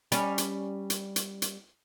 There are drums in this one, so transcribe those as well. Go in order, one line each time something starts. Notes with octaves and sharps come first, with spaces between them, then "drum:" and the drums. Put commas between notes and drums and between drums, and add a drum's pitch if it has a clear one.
G3 C#4, drum: hi-hat
drum: hi-hat
drum: hi-hat
drum: hi-hat
drum: hi-hat